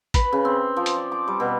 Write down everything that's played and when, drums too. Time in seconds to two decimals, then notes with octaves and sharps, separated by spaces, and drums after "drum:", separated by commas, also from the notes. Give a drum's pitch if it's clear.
0.14 B4, drum: kick, hi-hat
0.33 C#3
0.45 C4
0.77 F3
0.86 drum: hi-hat
0.96 D5
1.12 D6
1.28 G3
1.40 B2